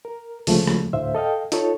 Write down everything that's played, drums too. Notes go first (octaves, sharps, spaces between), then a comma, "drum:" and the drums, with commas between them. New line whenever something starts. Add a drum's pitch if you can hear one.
A#4
D2 C#3 F3 G#3 A3, drum: open hi-hat
drum: rim click
D2 A2 C5 E5 F5
A4 D#5 F5 G5
D#4 F4 A4 C#5, drum: hi-hat